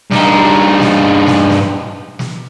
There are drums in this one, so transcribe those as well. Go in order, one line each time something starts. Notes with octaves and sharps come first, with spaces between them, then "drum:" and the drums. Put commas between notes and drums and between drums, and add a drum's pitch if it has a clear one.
G2 D#4, drum: snare
drum: snare
drum: snare
drum: snare
drum: snare